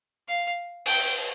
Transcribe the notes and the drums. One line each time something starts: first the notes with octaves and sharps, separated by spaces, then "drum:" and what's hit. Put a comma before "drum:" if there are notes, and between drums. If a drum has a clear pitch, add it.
F5
G5, drum: open hi-hat